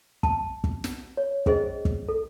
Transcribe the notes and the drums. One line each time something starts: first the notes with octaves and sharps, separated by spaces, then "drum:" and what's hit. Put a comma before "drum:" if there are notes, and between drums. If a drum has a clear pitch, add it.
A5, drum: kick
drum: kick
drum: snare
C#5
C#4 G#4 C5 D#5, drum: kick
drum: kick
A4